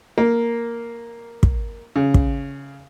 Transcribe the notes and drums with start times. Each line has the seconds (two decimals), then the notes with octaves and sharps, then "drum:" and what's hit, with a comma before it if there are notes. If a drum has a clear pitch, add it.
0.18 A#3
1.43 drum: kick
1.96 C#3
2.14 drum: kick